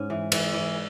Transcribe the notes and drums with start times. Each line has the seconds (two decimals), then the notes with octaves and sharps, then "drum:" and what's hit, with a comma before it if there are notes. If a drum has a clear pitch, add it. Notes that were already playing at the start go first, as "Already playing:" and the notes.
Already playing: G#2 C#4
0.10 E3
0.32 E3, drum: cymbal
0.53 E3